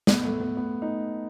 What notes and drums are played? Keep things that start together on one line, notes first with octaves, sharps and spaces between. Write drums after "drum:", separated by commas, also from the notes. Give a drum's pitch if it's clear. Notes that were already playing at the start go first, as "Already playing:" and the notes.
B3, drum: snare
A3
B3
B3
D#4